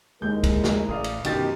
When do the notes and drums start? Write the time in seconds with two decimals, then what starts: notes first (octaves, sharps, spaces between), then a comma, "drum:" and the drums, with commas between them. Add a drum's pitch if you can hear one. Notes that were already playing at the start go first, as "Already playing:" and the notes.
0.22 D#2 G#3 E4 G#4 A#4 G6
0.44 drum: kick, cymbal
0.64 drum: snare
0.89 A1 D5 F5 D#6
1.04 drum: cymbal
1.25 F#2 B2 D#3 G4 A6, drum: cymbal